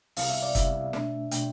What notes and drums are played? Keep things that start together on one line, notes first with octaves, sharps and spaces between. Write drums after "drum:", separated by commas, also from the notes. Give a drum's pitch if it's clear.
C2 C3 G3 B3 E4 F5, drum: open hi-hat
E5
D5
C2 C3 G3 B3 E4 E5, drum: kick F#1, hi-hat
B2 A3 D4, drum: snare
B2 A3 D4 G5, drum: hi-hat